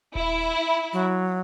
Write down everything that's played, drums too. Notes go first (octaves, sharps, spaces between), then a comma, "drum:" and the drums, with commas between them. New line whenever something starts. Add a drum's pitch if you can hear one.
E4, drum: kick D#1
F#3